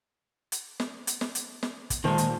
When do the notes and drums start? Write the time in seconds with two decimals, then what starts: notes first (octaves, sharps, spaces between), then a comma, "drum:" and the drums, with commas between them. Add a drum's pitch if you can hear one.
0.52 drum: hi-hat
0.80 drum: snare
1.07 drum: hi-hat
1.21 drum: snare
1.35 drum: hi-hat
1.63 drum: snare
1.90 drum: kick, hi-hat
2.04 A#2 D#3 G#3 F4 C5 A5
2.18 drum: hi-hat